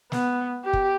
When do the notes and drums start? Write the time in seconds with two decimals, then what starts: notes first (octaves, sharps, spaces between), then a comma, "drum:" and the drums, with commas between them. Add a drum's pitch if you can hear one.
0.12 B3, drum: snare
0.64 G4
0.73 drum: kick